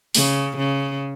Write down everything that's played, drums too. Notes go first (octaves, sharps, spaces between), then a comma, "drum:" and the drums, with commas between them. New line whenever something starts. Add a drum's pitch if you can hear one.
C#3, drum: open hi-hat
C#3